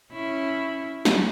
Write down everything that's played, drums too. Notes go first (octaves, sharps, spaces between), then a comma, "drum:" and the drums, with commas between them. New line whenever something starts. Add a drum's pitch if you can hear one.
C#4 E4
drum: snare